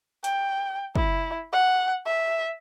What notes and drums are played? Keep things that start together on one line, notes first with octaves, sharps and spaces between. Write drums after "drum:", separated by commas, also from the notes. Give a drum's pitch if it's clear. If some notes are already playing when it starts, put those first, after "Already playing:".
G5, drum: hi-hat
E4, drum: kick
F#5
E5